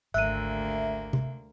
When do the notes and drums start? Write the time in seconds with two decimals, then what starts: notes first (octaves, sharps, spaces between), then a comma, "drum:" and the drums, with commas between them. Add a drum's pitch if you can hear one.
0.14 G#1 D2 A#3 E5 F#6 D#7
1.13 drum: tom C3